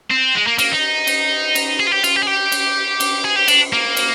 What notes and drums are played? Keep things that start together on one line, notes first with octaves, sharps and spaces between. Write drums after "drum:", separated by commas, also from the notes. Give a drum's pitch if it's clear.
C4
G#3
A#3
A#3, drum: cymbal
D#4
drum: cymbal
drum: cymbal
G#4
F4
G4
F4, drum: cymbal
G4
G#4
G4
drum: cymbal
drum: cymbal
G#4
G4
D4, drum: cymbal
A#3
drum: cymbal